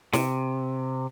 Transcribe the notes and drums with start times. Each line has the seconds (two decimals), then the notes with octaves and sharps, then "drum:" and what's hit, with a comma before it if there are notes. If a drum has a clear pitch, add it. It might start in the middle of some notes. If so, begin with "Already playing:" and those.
0.13 C3, drum: snare